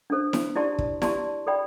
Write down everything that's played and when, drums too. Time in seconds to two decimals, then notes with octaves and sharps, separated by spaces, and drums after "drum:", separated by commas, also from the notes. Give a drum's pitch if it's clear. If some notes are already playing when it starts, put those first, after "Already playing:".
0.10 D4 A4 C5
0.33 drum: snare E4
0.56 E4 G4 D5 A5 C6
0.78 drum: kick
1.02 E4 G4 D5 A5 C6, drum: snare E4
1.47 A4 D5 G5 B5